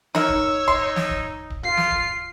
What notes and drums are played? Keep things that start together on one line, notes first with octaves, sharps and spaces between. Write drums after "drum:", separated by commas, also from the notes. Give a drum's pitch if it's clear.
D#4 A#4 C#5 E6, drum: snare
drum: kick
D#4 C6, drum: kick
drum: snare
drum: kick
drum: kick
F4 C7
drum: snare
drum: kick